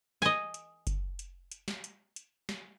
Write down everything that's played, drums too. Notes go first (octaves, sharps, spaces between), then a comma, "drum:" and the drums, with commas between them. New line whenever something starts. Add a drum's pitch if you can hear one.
D#5 G#5, drum: snare
drum: hi-hat
drum: kick F#1, hi-hat
drum: hi-hat
drum: hi-hat
drum: snare
drum: hi-hat
drum: hi-hat
drum: snare